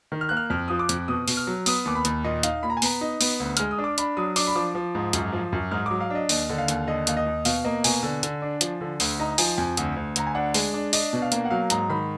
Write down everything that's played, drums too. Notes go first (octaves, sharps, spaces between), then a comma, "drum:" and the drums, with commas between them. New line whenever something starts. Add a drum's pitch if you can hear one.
D#3
F6
A#3 F#6
F6
F2 F6
F3 D#6
D6
F2, drum: hi-hat
B2 D#6
B2, drum: open hi-hat
F6
F#3
B3 D#6, drum: open hi-hat
D#2 D6
B5
D#2, drum: hi-hat
A#2 D#5
D#4 F5, drum: hi-hat
A#2 B5
A#5
G#5
B3 A#5, drum: open hi-hat
D#4
B3, drum: open hi-hat
D2
G#3 F6, drum: hi-hat
D#6
D4
D6
D4 B5, drum: hi-hat
F#3 D#6
D4 D6, drum: open hi-hat
B5
F3 D6
F3
G#2
F#2, drum: hi-hat
F3
F#2
G#2 F6
F#3 D6
F5
D4 D#5
D#2 D#5, drum: open hi-hat
D3
F5
D#2, drum: hi-hat
D3 D#5
D#2 F5, drum: hi-hat
D#5
D#2
B2 F5, drum: open hi-hat
A#3 D#5
B2 G#5, drum: open hi-hat
D3
D3, drum: hi-hat
D4
F3, drum: hi-hat
D3
D2, drum: open hi-hat
D#4 A#5
F3 G#5, drum: open hi-hat
F2 G#5
D2, drum: hi-hat
D2
D2 A#5, drum: hi-hat
G#5
D4 F#5
G#3, drum: open hi-hat
D4
D4 D#5, drum: open hi-hat
B2
F5
A#3, drum: hi-hat
F#5
F#3 F5
G#2 A#5, drum: hi-hat
D#3 B5